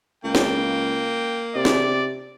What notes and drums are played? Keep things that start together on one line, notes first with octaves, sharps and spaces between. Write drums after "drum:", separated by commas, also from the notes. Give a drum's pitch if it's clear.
C#2 A#3 G5
drum: snare
C3 D5
drum: snare